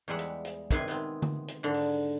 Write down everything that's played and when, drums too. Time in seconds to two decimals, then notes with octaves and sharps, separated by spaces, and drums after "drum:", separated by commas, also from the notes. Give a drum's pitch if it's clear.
0.08 E2 G3 G#3 E5 F#5
0.19 drum: hi-hat
0.45 drum: hi-hat
0.71 C3 D#3 G#4 B4 G#5 C6, drum: kick, hi-hat
0.88 C3 B3 C4
1.22 drum: tom D3
1.48 drum: hi-hat
1.63 G#2 D3
1.74 drum: open hi-hat